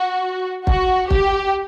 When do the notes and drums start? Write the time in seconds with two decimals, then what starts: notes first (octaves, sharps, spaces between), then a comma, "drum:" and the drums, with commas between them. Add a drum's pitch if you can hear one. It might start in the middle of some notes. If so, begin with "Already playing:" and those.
Already playing: F#4
0.67 F#4, drum: kick
1.11 G4, drum: kick